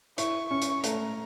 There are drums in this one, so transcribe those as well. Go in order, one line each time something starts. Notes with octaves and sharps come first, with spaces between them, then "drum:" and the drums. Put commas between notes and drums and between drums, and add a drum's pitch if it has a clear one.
E4 C#6, drum: hi-hat
C#4 C#6
drum: hi-hat
A3 A#5, drum: hi-hat